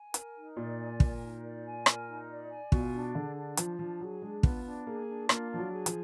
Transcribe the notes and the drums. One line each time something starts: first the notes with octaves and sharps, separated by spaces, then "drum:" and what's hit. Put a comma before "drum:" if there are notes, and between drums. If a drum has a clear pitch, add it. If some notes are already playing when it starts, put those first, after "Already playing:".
Already playing: G#5
A#4, drum: hi-hat
D#4
A#2 D5
G#5
A#4, drum: kick
D#4
D5
G#5
A#4, drum: rim click
D#4
D5
G#5
B2 F4, drum: kick
D4
D3 G#4
D4
F3 F4, drum: hi-hat
F3 D4
F#3 G#4
G#3 D4
B3 F4, drum: kick
D4
A#3 G#4
D4
A#3 F4, drum: rim click
F3 D4
F#3
G#4
F3, drum: hi-hat